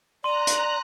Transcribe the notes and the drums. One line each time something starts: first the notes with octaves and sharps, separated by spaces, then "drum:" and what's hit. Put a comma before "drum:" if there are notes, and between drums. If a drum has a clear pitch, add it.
D5 A#5 C6 F#6 D#7
drum: hi-hat